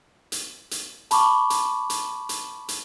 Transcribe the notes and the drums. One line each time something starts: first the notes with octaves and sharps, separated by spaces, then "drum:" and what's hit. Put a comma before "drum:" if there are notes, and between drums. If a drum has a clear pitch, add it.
drum: hi-hat
drum: hi-hat
A5 B5 C#6 D6, drum: hi-hat
drum: hi-hat
drum: hi-hat
drum: hi-hat
drum: hi-hat